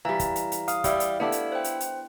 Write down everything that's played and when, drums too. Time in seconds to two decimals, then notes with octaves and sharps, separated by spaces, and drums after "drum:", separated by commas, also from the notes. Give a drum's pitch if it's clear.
0.05 E3 G3 F5 A#5
0.19 drum: kick, hi-hat
0.36 drum: hi-hat
0.52 drum: hi-hat
0.68 F5 D#6, drum: hi-hat
0.84 G3 E4, drum: kick, hi-hat
1.00 drum: hi-hat
1.20 B3 D4 E4 G4 A4 D5
1.32 drum: hi-hat
1.52 C5 G5
1.64 drum: hi-hat
1.80 drum: hi-hat